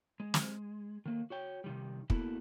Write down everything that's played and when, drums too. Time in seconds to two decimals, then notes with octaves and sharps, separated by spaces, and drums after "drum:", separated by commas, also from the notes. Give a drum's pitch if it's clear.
0.20 G#3
0.34 drum: snare
1.06 D#3 A3 A#3
1.30 F#4 C#5 G5
1.64 C3 D#3 G3
2.10 A#3 B3 E4 F#4 A4, drum: kick